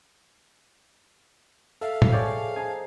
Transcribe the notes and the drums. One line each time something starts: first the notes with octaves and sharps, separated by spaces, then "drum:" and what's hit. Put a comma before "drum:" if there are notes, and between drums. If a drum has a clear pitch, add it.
A4 E5 F5
drum: tom A2
F3 G#4 C#5 D5 G5 A5
D#4 A4 G#5